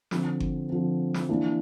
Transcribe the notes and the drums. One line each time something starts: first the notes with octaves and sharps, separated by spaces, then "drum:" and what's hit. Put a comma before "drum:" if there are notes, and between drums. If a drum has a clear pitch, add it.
D3 F3 C4, drum: snare
drum: kick G1
D3 F3 C4
drum: snare
E3 A#3 D4